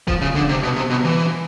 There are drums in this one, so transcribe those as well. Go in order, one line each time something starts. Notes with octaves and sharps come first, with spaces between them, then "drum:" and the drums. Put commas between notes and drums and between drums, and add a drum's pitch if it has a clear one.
F3, drum: kick D#1
C#3
D3
C3
B2
C3
B2
E3